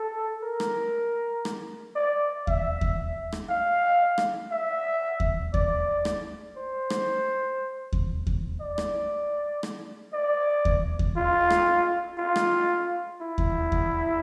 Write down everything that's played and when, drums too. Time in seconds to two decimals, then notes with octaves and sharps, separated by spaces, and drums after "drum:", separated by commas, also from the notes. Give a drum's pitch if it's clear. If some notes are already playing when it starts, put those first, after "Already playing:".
Already playing: A4
0.43 A#4
0.60 drum: rim click
1.45 drum: rim click
1.96 D5
2.47 E5, drum: kick D#2
2.81 drum: kick D#2
3.32 drum: rim click
3.49 F5
4.18 drum: rim click
4.51 E5
5.20 drum: kick D#2
5.54 D5, drum: kick D#2
6.05 drum: rim click
6.57 C5
6.90 drum: rim click
7.93 drum: kick D#2
8.27 drum: kick D#2
8.61 D5
8.78 drum: rim click
9.63 drum: rim click
10.13 D5
10.65 drum: kick D#2
10.99 drum: kick D#2
11.17 F4
11.50 drum: rim click
12.18 F4
12.36 drum: rim click
13.21 E4
13.38 drum: kick D#2
13.72 drum: kick D#2